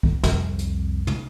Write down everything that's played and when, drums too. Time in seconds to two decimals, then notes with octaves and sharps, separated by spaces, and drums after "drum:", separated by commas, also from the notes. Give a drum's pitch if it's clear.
0.03 drum: kick
0.24 C2 F2, drum: snare
0.59 drum: hi-hat
1.07 drum: tom